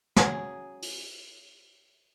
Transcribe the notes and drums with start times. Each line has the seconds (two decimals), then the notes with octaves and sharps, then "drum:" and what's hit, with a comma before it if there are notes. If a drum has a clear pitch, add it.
0.16 F#3 C#4 G#4, drum: snare
0.82 drum: open hi-hat